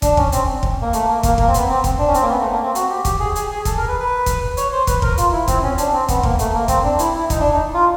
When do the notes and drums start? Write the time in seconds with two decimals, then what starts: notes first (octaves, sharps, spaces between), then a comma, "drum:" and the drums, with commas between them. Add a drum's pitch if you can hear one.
0.02 D4, drum: kick, hi-hat
0.17 C#4, drum: kick
0.32 C4, drum: hi-hat
0.63 drum: kick
0.82 A#3
0.93 A3, drum: hi-hat
1.08 A#3
1.23 A#3, drum: kick, hi-hat
1.38 A#3, drum: kick
1.47 C4
1.54 B3, drum: hi-hat
1.69 C4
1.84 drum: kick, hi-hat
1.98 D4
2.08 C#4
2.14 C4, drum: hi-hat
2.22 A#3
2.29 B3
2.41 A3
2.52 A#3
2.63 C4
2.75 F#4, drum: hi-hat
2.90 G4
3.05 G4, drum: kick, hi-hat
3.20 G#4
3.36 G#4, drum: hi-hat
3.51 G#4
3.65 A4, drum: kick, hi-hat
3.78 A#4
3.88 B4
4.00 B4
4.26 drum: kick, hi-hat
4.57 C#5, drum: hi-hat
4.72 C5
4.87 B4, drum: kick, hi-hat
5.02 A#4, drum: kick
5.18 F4, drum: hi-hat
5.32 E4
5.48 C4, drum: kick, hi-hat
5.63 C#4
5.78 D4, drum: hi-hat
5.93 C4
6.09 B3, drum: kick, hi-hat
6.23 A#3, drum: kick
6.39 A3, drum: hi-hat
6.54 A#3
6.68 C4, drum: kick, hi-hat
6.84 D4
6.99 E4, drum: hi-hat
7.14 E4
7.30 D#4, drum: kick, hi-hat
7.40 D4
7.52 D#4
7.74 F4